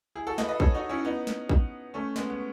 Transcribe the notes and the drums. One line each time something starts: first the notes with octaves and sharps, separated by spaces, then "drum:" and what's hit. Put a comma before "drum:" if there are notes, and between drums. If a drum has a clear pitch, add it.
E4 G#4
F#4 A4
B4 D#5, drum: snare
B4 D#5
A4 C#5, drum: kick
D#4 F#4
C#4 E4
B3 D#4
drum: snare
drum: kick
A3 C#4
G#3 B3, drum: snare
B3